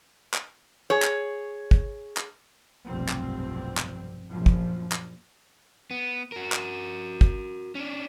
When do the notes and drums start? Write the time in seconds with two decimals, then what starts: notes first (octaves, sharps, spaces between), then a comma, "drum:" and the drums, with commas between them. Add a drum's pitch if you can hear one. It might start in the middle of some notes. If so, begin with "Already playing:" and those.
0.34 drum: clap
0.90 G#4 C#5
1.03 drum: clap
1.71 drum: kick
2.17 drum: clap
2.86 F1 B1 G2 F3 C4
3.09 drum: clap
3.77 drum: clap
4.28 A#1 F#2 F3
4.46 drum: kick
4.92 drum: clap
5.91 B3
6.32 F#4 A#4
6.52 drum: clap
7.21 drum: kick
7.75 C#4 D4